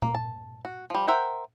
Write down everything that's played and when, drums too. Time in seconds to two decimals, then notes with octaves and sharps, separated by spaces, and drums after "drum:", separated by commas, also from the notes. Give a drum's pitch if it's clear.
0.02 A#3, drum: tom A#2
0.15 A5
0.65 F#4
0.90 F3 G3
1.08 A#4 C5 E5 F#5 G5